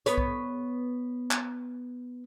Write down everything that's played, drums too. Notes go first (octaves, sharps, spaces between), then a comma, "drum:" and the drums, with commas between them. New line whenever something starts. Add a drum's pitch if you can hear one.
B3 B4 C#5, drum: hi-hat
drum: kick B1
drum: clap